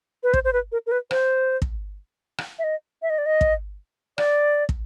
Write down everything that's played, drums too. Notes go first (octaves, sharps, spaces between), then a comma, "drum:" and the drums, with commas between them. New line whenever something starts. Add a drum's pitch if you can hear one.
B4
C5, drum: kick
C5
B4
A#4
A#4
B4
C5, drum: rim click
drum: kick
drum: rim click
E5
D#5
E5
D#5
D5
D#5
drum: kick
D5, drum: rim click
drum: kick